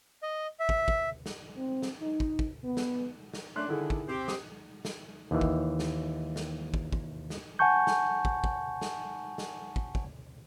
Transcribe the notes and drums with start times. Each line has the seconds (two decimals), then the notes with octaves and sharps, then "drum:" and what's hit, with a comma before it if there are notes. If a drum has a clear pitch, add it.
0.23 D#5
0.60 E5
0.69 drum: kick
0.88 drum: kick
1.26 drum: snare
1.57 C4
1.82 drum: snare
2.02 D#4
2.20 drum: kick
2.39 drum: kick
2.64 B3
2.77 drum: snare
3.34 drum: snare
3.56 A3 C#4 D4 C6 F#6
3.68 D3 D#3 E4 G#4
3.90 drum: kick
4.08 C4 G4
4.28 D#6, drum: snare
4.85 drum: snare
5.31 D#2 D#3 E3
5.41 drum: kick
5.79 drum: snare
6.36 drum: snare
6.74 drum: kick
6.93 drum: kick
7.30 drum: snare
7.59 F#5 G#5 A5 C#6 G6
7.87 drum: snare
8.25 drum: kick
8.44 drum: kick
8.81 drum: snare
9.38 drum: snare
9.76 drum: kick
9.95 drum: kick